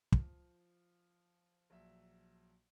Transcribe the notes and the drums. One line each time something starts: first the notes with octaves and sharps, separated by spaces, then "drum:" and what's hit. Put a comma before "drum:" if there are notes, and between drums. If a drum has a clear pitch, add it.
F3, drum: kick
A#1 F#3 E5